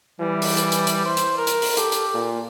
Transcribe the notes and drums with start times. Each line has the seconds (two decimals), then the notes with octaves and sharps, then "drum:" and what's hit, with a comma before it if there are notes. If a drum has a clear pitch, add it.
0.20 E3 G3
0.42 drum: open hi-hat
0.57 drum: hi-hat
0.72 drum: hi-hat
0.87 drum: hi-hat
1.05 C5
1.17 drum: hi-hat
1.38 A#4
1.47 drum: hi-hat
1.62 drum: open hi-hat
1.77 G4 A4, drum: hi-hat
1.92 drum: hi-hat
2.14 A#2